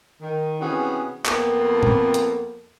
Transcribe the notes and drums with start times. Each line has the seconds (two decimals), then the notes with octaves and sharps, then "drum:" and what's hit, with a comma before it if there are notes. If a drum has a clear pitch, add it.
0.21 D#3
0.61 C3 E3 B3 C#4 F#4 G#4
1.26 F2 A#3 B3, drum: clap
1.83 drum: tom
2.14 drum: hi-hat